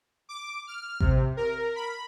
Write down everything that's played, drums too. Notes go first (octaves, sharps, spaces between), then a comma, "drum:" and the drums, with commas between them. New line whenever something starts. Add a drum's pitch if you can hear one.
D6
F6
C3, drum: kick A1
A#4
B5